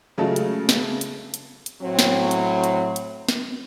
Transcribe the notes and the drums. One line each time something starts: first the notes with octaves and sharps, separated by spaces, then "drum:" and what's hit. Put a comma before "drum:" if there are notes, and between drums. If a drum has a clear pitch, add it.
C#3 F#3 G#3 A3 F4 A4
drum: hi-hat
drum: snare
drum: hi-hat
drum: hi-hat
drum: hi-hat
A2 F#3 C4
drum: snare
drum: hi-hat
drum: hi-hat
drum: hi-hat
drum: snare